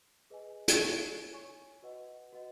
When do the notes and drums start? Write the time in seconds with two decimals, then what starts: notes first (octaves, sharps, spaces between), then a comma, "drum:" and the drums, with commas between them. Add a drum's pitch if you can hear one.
0.30 G#4 B4 D#5 G#5
0.68 drum: hi-hat
0.80 C#5 G#5 C#6
1.31 C#5 G#5 C#6
1.82 F#4 B4 D#5 F#5
2.33 F#4 B4 D#5 F#5